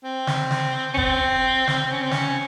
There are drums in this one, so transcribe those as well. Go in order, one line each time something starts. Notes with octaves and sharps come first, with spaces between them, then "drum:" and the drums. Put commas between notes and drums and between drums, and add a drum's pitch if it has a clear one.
C4
drum: snare
drum: snare
C#4
C4, drum: kick
drum: snare
C#4
C4
C#4, drum: snare